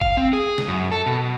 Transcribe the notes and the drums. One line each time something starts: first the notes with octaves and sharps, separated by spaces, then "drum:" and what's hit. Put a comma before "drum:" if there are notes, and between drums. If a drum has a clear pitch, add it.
F5, drum: kick
C4
G#4
drum: snare
F#2
A4
B2